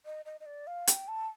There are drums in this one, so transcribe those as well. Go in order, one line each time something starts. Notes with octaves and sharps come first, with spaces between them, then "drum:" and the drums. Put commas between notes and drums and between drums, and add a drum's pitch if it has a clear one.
D#5
D#5
D#5
D5
F5
G5, drum: hi-hat
A5